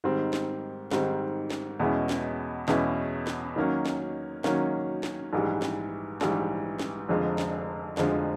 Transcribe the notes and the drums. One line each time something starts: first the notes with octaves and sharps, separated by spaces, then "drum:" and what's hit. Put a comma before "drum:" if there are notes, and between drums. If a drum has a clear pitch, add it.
G#2 D#3 G3 C4
drum: snare
G#2 D#3 G3 C4, drum: snare
drum: snare
E2 B2 G#3 C#4 E4
drum: snare
E2 B2 G#3 C#4 E4, drum: snare
drum: snare
D#3 F#3 A#3 C#4
drum: snare
D#3 F#3 A#3 C#4, drum: snare
drum: snare
A#1 G#2 E3 G3
drum: snare
A#1 G#2 E3 G3, drum: snare
drum: snare
F1 F2 D3 F3 G#3
drum: snare
F1 F2 D3 F3 G#3, drum: snare